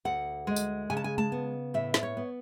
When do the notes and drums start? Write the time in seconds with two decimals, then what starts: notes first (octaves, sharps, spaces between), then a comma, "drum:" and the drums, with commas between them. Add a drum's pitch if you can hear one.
0.05 D2 F#5
0.47 G#3
0.56 drum: tambourine
0.90 C#3 G#5
0.97 A5
1.04 G#5
1.18 A5, drum: tom G#3
1.32 B3
1.74 A2 E5
1.94 D5, drum: snare
2.03 C#5
2.17 B3